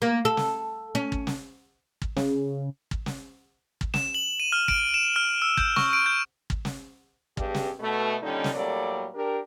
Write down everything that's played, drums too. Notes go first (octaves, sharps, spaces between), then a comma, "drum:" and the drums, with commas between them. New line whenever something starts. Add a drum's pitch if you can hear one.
A#3
A4
drum: snare
C#4
drum: kick
drum: snare
drum: kick
C#3, drum: snare
drum: kick
drum: snare
drum: kick
E7, drum: snare
F#7
D#7
F6
D7, drum: kick
E7
F6
E6
G6, drum: kick
C#6, drum: snare
D7
G6
drum: kick
drum: snare
G2 B2 G4 G#4, drum: kick
drum: snare
B2 A3
A#2 D3 D#3 G3 C#4 D#4
drum: snare
A2 F#3 G3 A#3 A4 D5
D4 G4 A#4